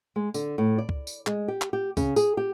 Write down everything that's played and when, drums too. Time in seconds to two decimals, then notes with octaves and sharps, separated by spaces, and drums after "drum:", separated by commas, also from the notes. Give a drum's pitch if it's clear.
0.16 G#3
0.34 D3, drum: tambourine
0.58 A2
0.78 D5
0.89 drum: kick C#2
1.07 drum: tambourine
1.27 G#3, drum: clap
1.48 G4
1.62 drum: clap
1.73 G4
1.97 C#3, drum: kick C#2, tambourine
2.16 G#4, drum: tambourine
2.37 G4